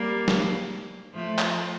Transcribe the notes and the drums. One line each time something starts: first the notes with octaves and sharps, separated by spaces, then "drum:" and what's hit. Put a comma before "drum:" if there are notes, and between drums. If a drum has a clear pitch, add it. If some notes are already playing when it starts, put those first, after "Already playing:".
Already playing: G3 A#3
drum: snare
F3 A3
drum: clap